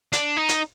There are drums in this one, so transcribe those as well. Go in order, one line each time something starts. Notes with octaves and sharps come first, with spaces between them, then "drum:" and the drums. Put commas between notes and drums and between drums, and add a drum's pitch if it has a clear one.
D4, drum: hi-hat
D#4
drum: hi-hat